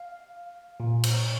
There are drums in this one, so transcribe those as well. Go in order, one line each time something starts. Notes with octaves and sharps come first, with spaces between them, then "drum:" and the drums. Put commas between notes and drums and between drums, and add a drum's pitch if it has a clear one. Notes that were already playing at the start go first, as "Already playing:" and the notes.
Already playing: F5
A#2
drum: cymbal